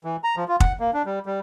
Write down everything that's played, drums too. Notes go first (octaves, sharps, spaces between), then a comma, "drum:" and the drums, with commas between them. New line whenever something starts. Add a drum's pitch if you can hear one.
E3
A#5
F3
F4
F#5, drum: kick
A#3
D4
G3
G3